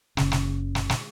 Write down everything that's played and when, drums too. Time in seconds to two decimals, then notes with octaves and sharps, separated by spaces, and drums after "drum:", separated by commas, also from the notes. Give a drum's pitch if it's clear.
0.17 F#1 C#3, drum: snare
0.32 drum: snare
0.75 drum: snare
0.89 drum: snare